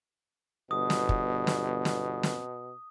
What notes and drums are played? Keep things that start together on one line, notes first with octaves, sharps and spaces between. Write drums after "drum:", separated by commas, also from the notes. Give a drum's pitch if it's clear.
G1 B2 D#6
drum: snare
drum: kick
drum: snare
drum: snare
drum: snare